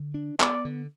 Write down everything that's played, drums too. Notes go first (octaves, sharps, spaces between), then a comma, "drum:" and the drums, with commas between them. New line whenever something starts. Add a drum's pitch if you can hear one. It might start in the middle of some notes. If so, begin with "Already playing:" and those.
Already playing: D3
D4
B3 D5, drum: clap
D3